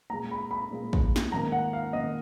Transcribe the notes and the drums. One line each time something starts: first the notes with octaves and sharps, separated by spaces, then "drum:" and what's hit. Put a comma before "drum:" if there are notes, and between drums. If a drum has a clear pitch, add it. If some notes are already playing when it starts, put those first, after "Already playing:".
A#2 G#3 A#5
B5
B5
A#2 G#3
drum: kick
drum: snare
G#2 D#3 A#3 A#5
F#5
F5
D#3 A#3 D#5